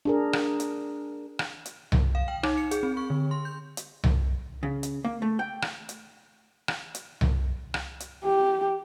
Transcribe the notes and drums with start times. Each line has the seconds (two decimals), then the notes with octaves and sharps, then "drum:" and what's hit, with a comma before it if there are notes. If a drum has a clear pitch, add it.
0.05 D4 G#4 A#4
0.33 drum: rim click
0.60 drum: hi-hat
1.39 drum: rim click
1.66 drum: hi-hat
1.92 drum: tom C2
2.15 F5
2.28 G5
2.43 D#4, drum: rim click
2.57 C#7
2.71 G#4, drum: hi-hat
2.83 C4
2.97 C#6
3.10 D3
3.31 C6
3.45 G6
3.77 drum: hi-hat
4.04 drum: tom C2
4.63 C#3
4.83 drum: hi-hat
5.04 A#3
5.22 A3
5.39 G5
5.62 drum: rim click
5.89 drum: hi-hat
6.68 drum: rim click
6.95 drum: hi-hat
7.21 drum: tom C2
7.74 drum: rim click
8.00 drum: hi-hat
8.24 G4